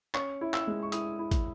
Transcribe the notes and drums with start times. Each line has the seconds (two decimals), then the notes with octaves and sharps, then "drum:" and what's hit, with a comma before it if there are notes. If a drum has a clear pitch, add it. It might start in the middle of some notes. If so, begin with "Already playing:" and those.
0.15 C#4 C#6, drum: clap
0.41 E4
0.54 E6, drum: clap
0.67 G#3
0.83 C#6
0.92 E4 D#6, drum: hi-hat
1.19 E4
1.31 drum: kick, hi-hat